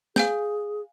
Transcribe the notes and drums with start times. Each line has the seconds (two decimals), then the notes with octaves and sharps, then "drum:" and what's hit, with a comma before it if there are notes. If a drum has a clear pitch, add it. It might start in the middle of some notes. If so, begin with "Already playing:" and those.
0.16 G#4 F5 G#5 G6, drum: snare